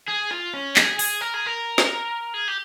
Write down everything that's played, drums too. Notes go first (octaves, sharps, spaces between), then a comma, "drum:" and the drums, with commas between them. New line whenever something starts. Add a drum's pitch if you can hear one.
G#4
F4
C#4
G#4, drum: clap
G#4, drum: open hi-hat
A#4
G#4
A#4
drum: snare
G#4
G4